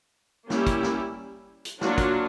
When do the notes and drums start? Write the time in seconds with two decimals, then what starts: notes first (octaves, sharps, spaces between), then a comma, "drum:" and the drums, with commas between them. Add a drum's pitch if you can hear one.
0.50 G3 A#3 C#4 E4 G4, drum: snare
0.67 drum: kick, hi-hat
0.83 drum: snare
1.65 drum: hi-hat
1.81 F#3 A#3 D4 F4, drum: snare
1.98 drum: kick, hi-hat